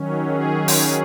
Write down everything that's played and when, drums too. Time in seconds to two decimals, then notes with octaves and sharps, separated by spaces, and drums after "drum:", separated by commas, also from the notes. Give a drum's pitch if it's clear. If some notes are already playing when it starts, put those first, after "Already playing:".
Already playing: D#3 F#3 C#4
0.28 G#4
0.68 drum: open hi-hat